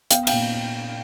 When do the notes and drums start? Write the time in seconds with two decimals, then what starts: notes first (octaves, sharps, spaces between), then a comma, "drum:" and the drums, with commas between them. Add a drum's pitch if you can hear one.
0.11 B3 F5 G5, drum: hi-hat
0.27 F5 G5, drum: cymbal
0.32 A#2